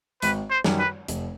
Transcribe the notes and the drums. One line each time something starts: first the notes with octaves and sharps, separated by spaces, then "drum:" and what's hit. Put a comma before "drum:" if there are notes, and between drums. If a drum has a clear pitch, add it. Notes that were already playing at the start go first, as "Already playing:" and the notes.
G#1 B4, drum: hi-hat
C5
F#2 D#3 G3, drum: snare
B4
F1, drum: hi-hat